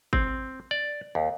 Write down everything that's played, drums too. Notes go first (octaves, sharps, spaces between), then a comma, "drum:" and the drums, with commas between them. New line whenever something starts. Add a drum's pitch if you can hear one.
C4, drum: kick G#1
D5
D#2